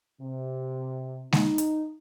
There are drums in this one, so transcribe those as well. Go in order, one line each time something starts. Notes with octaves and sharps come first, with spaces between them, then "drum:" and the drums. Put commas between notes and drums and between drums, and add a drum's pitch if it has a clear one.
C3
D#4, drum: snare G#3
drum: hi-hat